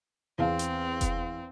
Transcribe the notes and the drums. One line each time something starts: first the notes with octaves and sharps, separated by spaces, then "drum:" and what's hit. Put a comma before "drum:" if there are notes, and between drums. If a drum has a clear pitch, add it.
E2 C4 F5
drum: hi-hat
drum: kick F1, hi-hat